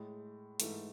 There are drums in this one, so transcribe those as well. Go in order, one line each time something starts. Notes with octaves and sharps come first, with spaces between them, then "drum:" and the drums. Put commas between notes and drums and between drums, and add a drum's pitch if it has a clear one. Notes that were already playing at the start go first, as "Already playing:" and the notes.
Already playing: A2 G#3
G#2 E3 A3, drum: hi-hat